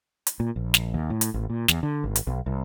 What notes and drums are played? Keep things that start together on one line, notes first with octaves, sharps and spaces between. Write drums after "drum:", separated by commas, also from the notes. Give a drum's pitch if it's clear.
drum: hi-hat
A#2
A#1
drum: snare
D#2
A2
drum: hi-hat
A1
A#2
E2, drum: snare
D3
G#1
drum: hi-hat
B1
C2